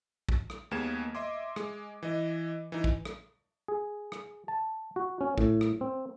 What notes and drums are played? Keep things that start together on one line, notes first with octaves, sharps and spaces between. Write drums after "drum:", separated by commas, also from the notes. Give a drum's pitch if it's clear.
drum: kick
drum: rim click
D#2 G#3 A#3 B3 G#6 E7
D#5 E5 C6 D6
G#3, drum: rim click
E3 D#5
E3 D#4
drum: kick
drum: rim click
G#4
drum: rim click
A5
F#4
C#4
A2, drum: kick
drum: rim click
C4